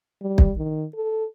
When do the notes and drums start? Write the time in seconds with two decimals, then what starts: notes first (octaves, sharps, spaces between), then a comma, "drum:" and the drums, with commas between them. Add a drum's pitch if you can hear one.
0.21 G3
0.38 drum: kick
0.57 D#3
0.95 A4